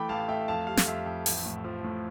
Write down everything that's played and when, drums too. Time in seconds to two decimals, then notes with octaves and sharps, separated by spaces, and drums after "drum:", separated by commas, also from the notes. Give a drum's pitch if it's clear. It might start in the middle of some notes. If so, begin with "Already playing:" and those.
Already playing: E3 A3 G5 B5 D6
0.09 A1 F5 A5
0.28 A3 E5 G5
0.48 F2 F5 A5
0.67 G3 F5
0.77 drum: snare
0.87 F2 E5
1.06 F2
1.26 A1, drum: open hi-hat
1.45 A2
1.64 F3
1.84 A2